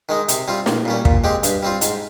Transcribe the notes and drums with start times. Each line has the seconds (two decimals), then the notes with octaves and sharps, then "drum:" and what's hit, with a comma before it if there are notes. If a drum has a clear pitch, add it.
0.09 D#3 G#3 D#4
0.28 C3, drum: hi-hat
0.48 G3 C4 F4
0.66 A#1, drum: snare
0.85 A#2 G3 C#4
1.05 A#2, drum: kick
1.24 G#3 C4 G4
1.43 G2, drum: hi-hat
1.63 G3 C4 F4
1.81 G#2, drum: hi-hat